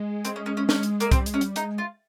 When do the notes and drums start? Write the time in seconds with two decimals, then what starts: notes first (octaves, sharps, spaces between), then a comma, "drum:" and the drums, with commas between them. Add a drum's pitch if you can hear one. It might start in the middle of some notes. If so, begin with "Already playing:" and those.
Already playing: G#3
0.25 C4, drum: hi-hat
0.36 C#4
0.46 C#4
0.57 C#4
0.69 C#4, drum: snare
0.83 drum: hi-hat
1.00 A#3, drum: hi-hat
1.12 G3 C4, drum: kick C2, hi-hat
1.26 G#3, drum: hi-hat
1.34 C#4
1.41 G3, drum: hi-hat
1.56 G#3 D#4, drum: hi-hat
1.78 F4